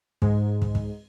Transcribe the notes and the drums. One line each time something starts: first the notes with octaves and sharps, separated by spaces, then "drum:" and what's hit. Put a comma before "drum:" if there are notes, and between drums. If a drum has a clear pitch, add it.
G#2 G#3, drum: kick
drum: kick
drum: kick